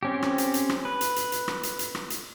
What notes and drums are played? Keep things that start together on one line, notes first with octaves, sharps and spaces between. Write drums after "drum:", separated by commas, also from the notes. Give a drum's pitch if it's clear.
C4 C#4 G4
drum: rim click
drum: hi-hat
drum: hi-hat
drum: rim click
B4
drum: hi-hat
drum: hi-hat
drum: hi-hat
drum: rim click
drum: hi-hat
drum: hi-hat
drum: rim click
drum: hi-hat